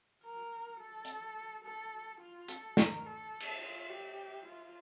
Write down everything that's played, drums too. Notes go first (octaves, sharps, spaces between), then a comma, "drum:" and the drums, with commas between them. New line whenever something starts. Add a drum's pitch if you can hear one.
A#4
A4
drum: hi-hat
A4
F4
A4, drum: hi-hat
A#4, drum: snare
A4
drum: cymbal
F4
G4
F4